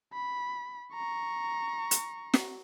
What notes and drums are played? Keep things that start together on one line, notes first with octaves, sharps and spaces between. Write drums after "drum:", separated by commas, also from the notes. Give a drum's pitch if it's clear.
B5
A#5 C#6
drum: hi-hat
drum: snare